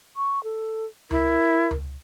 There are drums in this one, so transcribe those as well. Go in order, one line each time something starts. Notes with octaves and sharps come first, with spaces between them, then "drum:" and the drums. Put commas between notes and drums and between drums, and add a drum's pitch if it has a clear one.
C#6
A4
E4 A#4, drum: tom C#2
drum: tom C#2